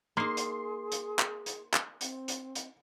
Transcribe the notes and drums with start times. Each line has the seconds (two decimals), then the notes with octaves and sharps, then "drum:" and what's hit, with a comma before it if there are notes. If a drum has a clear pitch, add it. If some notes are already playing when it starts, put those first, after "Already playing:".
0.17 A#3 D#4 G#4 C6 C7
0.37 drum: hi-hat
0.92 drum: hi-hat
1.19 drum: clap
1.46 drum: hi-hat
1.74 drum: clap
2.01 C4, drum: hi-hat
2.28 drum: hi-hat
2.55 drum: hi-hat